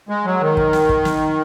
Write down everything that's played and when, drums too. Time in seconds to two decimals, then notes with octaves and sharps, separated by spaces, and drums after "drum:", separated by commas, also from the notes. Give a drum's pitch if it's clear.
0.09 G#3
0.25 F#3
0.41 D#3
0.57 drum: kick
0.73 drum: snare
0.89 drum: kick
1.05 drum: snare